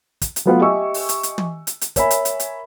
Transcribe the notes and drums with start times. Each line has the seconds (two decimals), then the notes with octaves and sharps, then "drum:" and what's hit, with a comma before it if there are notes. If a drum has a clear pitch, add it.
0.22 drum: kick, hi-hat
0.36 drum: hi-hat
0.45 F#3 A3 B3 F4 B4 F#5
0.61 G4 D#5 E5 G#5 C#6 E6
0.94 drum: open hi-hat
1.09 drum: hi-hat
1.23 drum: hi-hat
1.38 drum: tom
1.67 drum: hi-hat
1.81 drum: hi-hat
1.96 A#4 C#5 E5 G#5 B5, drum: kick, hi-hat
2.11 drum: hi-hat
2.25 drum: hi-hat
2.40 drum: hi-hat